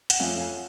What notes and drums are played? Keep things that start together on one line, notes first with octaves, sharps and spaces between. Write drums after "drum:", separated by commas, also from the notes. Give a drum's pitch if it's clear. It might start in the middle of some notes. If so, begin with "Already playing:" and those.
F#5, drum: hi-hat
F2 F3 A3 C#4 F5 G#5
F5 G#5